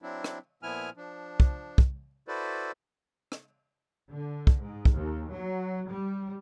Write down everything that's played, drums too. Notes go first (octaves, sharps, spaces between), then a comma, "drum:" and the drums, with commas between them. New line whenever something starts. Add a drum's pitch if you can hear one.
F#3 C4 D4 E4
drum: rim click
A#2 F3 B3 E4 G#5 F6
F3 D4
drum: kick
drum: kick
E4 F#4 A4 B4 C5 D5
drum: rim click
D3
drum: kick
G#2
drum: kick
D#2
F#3
G3